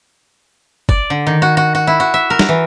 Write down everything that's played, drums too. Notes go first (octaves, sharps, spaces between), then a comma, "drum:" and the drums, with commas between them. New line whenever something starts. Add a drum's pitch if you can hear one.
D5, drum: kick
D3
D#3
F#4
F#4
F#4
E4
F#4
E5
A#4
drum: snare
E3